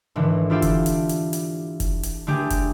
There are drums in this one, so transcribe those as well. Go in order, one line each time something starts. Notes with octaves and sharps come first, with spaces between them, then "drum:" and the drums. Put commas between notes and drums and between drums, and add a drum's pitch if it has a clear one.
G#1 D3 E3
D4 E4 F4 G4 D5 E5
drum: kick, hi-hat
drum: hi-hat
drum: hi-hat
drum: hi-hat
drum: kick, hi-hat
drum: hi-hat
D3 A3 D4 G4 G#4
drum: kick, hi-hat